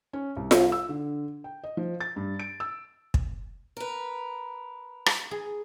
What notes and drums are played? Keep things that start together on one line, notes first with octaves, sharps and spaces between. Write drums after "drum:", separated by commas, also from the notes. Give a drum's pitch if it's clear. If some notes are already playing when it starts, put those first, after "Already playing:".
C#4
C2
drum: snare F4
E6
D3
G5
D#5
F3
A6
G2
D7
E6
drum: kick
A#4 B4
drum: rim click
G#4